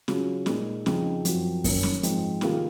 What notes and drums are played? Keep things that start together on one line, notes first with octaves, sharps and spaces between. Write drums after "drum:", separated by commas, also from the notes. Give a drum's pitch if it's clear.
C#3 F#3 C#4 F4, drum: snare
A#2 G#3 D#4, drum: snare
F2 C#3 F3 C4 D#4, drum: snare
F#2 F3 C4 F#4, drum: hi-hat
F#2 D#3 A#3 C#4, drum: kick F#2, open hi-hat
drum: snare
G#2 F3 C4, drum: hi-hat
C3 D#3 A#3 F4 G#4, drum: snare